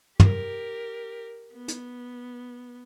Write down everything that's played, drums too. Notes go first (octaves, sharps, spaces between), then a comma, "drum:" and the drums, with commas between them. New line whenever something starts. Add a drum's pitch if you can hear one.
G4 A#4, drum: tom
B3
drum: hi-hat